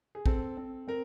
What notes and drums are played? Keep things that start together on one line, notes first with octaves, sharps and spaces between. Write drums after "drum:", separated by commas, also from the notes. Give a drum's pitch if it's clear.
G#4
C4 A4, drum: kick
C4
C4 A#4